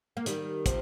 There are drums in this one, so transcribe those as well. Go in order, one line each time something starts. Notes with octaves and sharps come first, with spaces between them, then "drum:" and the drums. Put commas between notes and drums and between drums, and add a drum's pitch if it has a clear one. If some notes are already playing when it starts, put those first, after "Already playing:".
A#3
D#3 G3, drum: hi-hat
C3 F3, drum: kick, hi-hat